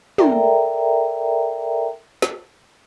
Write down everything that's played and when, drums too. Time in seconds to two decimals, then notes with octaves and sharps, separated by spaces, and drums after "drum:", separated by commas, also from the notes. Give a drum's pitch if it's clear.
0.18 A4 A#4 D5 E5 G5 A#5, drum: tom
2.22 drum: snare